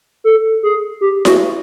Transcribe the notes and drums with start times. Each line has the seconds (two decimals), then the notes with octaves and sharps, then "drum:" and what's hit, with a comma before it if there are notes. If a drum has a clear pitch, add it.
0.24 A4
0.63 G#4
1.01 G4
1.25 F#4, drum: snare E4